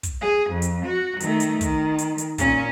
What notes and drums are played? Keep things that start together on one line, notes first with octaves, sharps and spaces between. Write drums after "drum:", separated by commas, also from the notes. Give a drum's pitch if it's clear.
drum: kick, hi-hat
G#4
F2
drum: hi-hat
F#4
D#3 A3, drum: hi-hat
drum: hi-hat
D#3, drum: kick, hi-hat
drum: hi-hat
drum: hi-hat
A#2 C#4, drum: kick, hi-hat